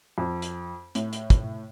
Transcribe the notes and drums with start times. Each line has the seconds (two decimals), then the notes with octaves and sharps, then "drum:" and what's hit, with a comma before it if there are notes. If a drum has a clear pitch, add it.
0.18 F2
0.42 drum: hi-hat
0.95 A2, drum: hi-hat
1.13 drum: hi-hat
1.30 drum: kick, hi-hat